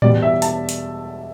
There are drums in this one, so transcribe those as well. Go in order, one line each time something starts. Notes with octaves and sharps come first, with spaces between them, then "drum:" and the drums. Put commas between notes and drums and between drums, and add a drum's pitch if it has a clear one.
E2 B2 G3 D5, drum: tom A2
E5
A5, drum: hi-hat
drum: hi-hat